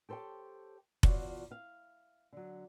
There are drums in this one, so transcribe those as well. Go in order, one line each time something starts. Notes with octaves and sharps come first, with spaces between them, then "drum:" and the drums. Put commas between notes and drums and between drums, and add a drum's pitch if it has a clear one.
G4 A4 C5 C#5 G5
E2 D3 F4 F#4 C#5 D5, drum: kick F1
E5 F5
D3 F#3